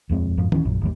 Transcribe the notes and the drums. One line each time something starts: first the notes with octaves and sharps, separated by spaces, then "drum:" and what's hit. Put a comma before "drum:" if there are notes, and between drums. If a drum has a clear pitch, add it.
D#1 F2 G#3 C4
F2 G#2 F3
D1 E3 C#4, drum: tom D#3
A#1 F#2
G1 D#2 G3